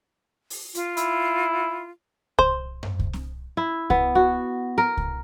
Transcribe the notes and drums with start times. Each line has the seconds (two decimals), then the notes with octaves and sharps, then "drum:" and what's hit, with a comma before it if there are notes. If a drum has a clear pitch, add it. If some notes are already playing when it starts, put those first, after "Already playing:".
0.50 drum: open hi-hat
0.75 F4, drum: hi-hat
0.97 E4, drum: hi-hat
2.39 C5, drum: kick C2
2.83 drum: tom F#2
2.99 drum: kick C2
3.13 drum: snare C4
3.57 E4
3.90 B3, drum: kick C2
4.15 F#4
4.78 A#4
4.97 drum: kick C2